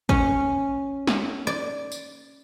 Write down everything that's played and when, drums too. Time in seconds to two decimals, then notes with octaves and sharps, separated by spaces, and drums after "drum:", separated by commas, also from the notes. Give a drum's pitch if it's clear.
0.09 C#4, drum: kick
1.07 drum: snare
1.47 D5
1.92 drum: tambourine